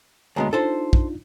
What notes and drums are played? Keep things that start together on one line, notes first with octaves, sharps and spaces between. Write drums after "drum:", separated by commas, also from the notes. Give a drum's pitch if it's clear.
D2 G#3 B3 C#5 A5 A#5
D4 D#4 F4 A4 C5 A5
drum: kick